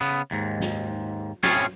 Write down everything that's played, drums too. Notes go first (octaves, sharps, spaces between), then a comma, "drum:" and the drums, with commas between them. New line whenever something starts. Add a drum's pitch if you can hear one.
C#3 B3
D#2 G#2
drum: snare
A2 C4 C#4 F4 G#4 C#5, drum: snare